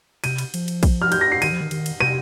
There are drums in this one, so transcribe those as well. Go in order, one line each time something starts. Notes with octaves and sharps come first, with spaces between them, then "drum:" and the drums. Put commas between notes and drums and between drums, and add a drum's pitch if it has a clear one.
C3 D#7, drum: cymbal
drum: cymbal
F3, drum: cymbal
drum: cymbal
drum: kick A#1, cymbal
F6
G6, drum: cymbal
A#6
C7
D#3 D#7, drum: cymbal
F3
D#3
D#3, drum: cymbal
drum: cymbal
C3 D#7, drum: rim click